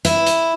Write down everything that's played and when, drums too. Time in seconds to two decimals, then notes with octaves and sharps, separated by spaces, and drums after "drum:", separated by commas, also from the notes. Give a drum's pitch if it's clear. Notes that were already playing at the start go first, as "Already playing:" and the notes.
0.05 E4, drum: hi-hat
0.27 drum: hi-hat